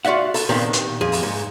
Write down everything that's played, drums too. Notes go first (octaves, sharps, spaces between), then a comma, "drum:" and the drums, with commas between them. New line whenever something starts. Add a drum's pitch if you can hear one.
F4 F#4 D5 E5 F#5
A4, drum: open hi-hat
A#2 D#3 B3 C4 D4 G4
drum: hi-hat
F2 G#4
drum: open hi-hat
G#2